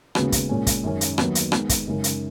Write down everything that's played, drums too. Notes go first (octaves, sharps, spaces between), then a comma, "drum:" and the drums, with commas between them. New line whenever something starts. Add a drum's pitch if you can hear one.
D#2 C#3 G#3 B3 F#4, drum: rim click
drum: kick, hi-hat
A#2 G#3 C#4
drum: kick, hi-hat
F#2 D#3 G#3 C#4
drum: hi-hat
D#2 D#3 F#3 B3, drum: rim click
drum: hi-hat
D#3 G#3 B3, drum: rim click
drum: kick, hi-hat
F#2 C#3 G#3 D#4 A#4
drum: hi-hat